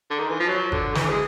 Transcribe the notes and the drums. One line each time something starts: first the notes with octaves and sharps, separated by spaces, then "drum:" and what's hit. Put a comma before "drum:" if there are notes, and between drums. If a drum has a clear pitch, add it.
D3
D#3
E3
F3
F#3
D3, drum: kick G1
E3, drum: snare
G#3